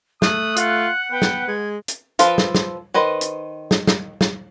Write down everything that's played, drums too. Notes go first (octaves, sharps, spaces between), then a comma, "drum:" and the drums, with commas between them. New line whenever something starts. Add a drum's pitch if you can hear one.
A3 D#6 F#6, drum: snare
F4 F#5, drum: hi-hat
B3 B4 G5
drum: snare
G#3 G#6
drum: hi-hat
F3 F4 A4 B4, drum: hi-hat
drum: snare
drum: snare
D#3 B4 C5 D#5
drum: hi-hat
drum: snare
drum: snare
drum: snare